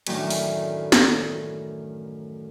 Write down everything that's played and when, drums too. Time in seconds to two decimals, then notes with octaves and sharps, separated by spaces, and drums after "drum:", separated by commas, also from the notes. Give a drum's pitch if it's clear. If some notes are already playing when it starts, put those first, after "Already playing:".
0.07 F#2 A2 D#3 E3 A3 D4, drum: cymbal
0.30 drum: open hi-hat
0.92 drum: snare